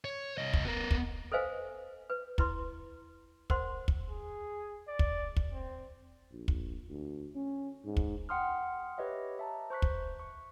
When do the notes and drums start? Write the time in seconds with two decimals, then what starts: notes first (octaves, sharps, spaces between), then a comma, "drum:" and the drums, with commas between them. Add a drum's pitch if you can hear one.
0.05 C#5
0.38 C2 D#5
0.53 drum: kick
0.65 B3 A#4
0.91 drum: kick
1.32 A4 B4 C5 D#5 F5 G#5
2.10 B4
2.38 E4 B4 C6, drum: kick
3.50 A#4 C5 F#5 C6, drum: kick
3.88 drum: kick
4.09 G#4
4.88 D5
4.99 drum: kick
5.36 drum: kick
5.53 C4
6.32 A#1
6.48 drum: kick
6.88 D2
7.35 C#4
7.85 G#2
7.97 drum: kick
8.29 F#5 G5 C6 D#6 F6
8.98 G4 B4 C#5 D#5 E5
9.39 E5 A5 A#5
9.70 C5 C#6 F#6 B6
9.82 drum: kick
10.20 C#6